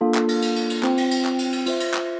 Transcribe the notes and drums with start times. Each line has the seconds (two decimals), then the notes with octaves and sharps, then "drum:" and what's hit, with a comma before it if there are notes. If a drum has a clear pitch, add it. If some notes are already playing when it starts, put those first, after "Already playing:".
0.01 A#3 D4 F4 A4
0.15 drum: clap
0.28 drum: cymbal
0.42 drum: cymbal
0.56 drum: cymbal
0.70 drum: cymbal
0.83 C4 F4 C5 G5, drum: clap
0.97 drum: cymbal
1.11 drum: cymbal
1.25 drum: clap
1.39 drum: cymbal
1.52 drum: cymbal
1.66 F4 C5 E5, drum: cymbal
1.80 drum: cymbal
1.94 drum: clap